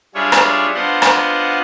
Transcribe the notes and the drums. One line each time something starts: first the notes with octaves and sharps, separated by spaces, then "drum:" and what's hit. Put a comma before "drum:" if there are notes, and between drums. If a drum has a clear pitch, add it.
G3 D4 F4 G#4 C#5 E5
drum: rim click
B3 D4 F4 C5 D#5 F#5
drum: rim click